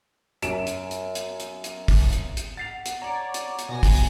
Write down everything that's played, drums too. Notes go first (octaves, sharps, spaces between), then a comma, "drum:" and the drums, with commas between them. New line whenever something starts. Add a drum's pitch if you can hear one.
F#2 D7 E7, drum: hi-hat
drum: hi-hat
drum: hi-hat
drum: hi-hat
drum: hi-hat
drum: hi-hat
drum: kick, open hi-hat
drum: hi-hat
drum: hi-hat
F#5 A6 C7 F7
drum: hi-hat
C#5 D5 A#5
drum: hi-hat
drum: hi-hat
B2 G#5 A#6
drum: kick, open hi-hat